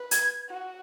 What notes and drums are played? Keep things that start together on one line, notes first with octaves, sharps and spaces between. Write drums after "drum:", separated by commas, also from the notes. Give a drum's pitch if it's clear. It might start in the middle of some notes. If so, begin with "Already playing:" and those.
Already playing: B4
G#6, drum: hi-hat
F#4